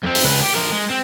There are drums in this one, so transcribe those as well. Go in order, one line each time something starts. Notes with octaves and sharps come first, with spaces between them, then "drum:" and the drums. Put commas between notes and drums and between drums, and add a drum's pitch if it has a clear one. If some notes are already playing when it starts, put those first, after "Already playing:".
F2 C4
drum: open hi-hat
C#2 B4
G4
F3 A#4
G#3
C4